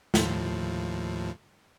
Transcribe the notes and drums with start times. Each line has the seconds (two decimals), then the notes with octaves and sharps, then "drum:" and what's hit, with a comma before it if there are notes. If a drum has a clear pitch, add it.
0.14 D#2 A2 F3, drum: snare